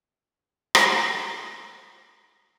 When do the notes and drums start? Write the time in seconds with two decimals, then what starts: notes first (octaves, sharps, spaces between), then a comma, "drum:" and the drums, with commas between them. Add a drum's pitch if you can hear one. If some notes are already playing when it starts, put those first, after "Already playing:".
0.18 D#3 F#3 G#3 A#3 B3
0.41 A#3 C#4 A4 B4
0.75 drum: rim click
1.41 D3 D#3 G3 G#3 B3 E4